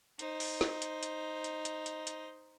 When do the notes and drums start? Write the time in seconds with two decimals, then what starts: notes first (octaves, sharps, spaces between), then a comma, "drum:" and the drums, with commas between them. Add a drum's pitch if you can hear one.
0.19 D#4 C5, drum: hi-hat
0.40 drum: open hi-hat
0.61 drum: snare
0.82 drum: hi-hat
1.03 drum: hi-hat
1.44 drum: hi-hat
1.65 drum: hi-hat
1.86 drum: hi-hat
2.07 drum: hi-hat